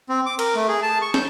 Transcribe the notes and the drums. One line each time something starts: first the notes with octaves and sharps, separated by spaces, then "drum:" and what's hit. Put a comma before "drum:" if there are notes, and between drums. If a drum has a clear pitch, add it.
C4
D6
A#4, drum: cymbal
A3
G#4
A5
C#6
G6, drum: snare